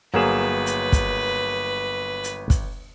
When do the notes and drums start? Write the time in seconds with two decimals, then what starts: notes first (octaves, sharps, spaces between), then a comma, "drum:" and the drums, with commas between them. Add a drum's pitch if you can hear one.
0.14 G1 F#3 A#3 G#4 B4 E7
0.66 drum: hi-hat
0.92 drum: kick, hi-hat
2.24 drum: hi-hat
2.50 drum: kick, hi-hat